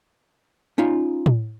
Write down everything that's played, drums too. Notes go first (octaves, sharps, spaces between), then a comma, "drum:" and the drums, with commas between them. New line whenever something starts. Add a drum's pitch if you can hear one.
C#4 D#4 F4
drum: tom A2